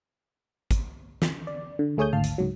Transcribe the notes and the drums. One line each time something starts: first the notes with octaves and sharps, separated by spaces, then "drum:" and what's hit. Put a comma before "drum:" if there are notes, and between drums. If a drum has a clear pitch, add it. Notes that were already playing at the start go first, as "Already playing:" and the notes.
drum: kick G#1, hi-hat
drum: snare
D5
D3
D2 A3 G#4 C#5 D#6 G6
G#1 D2 F5 A5 F6
drum: hi-hat
C#2 G#2 F#3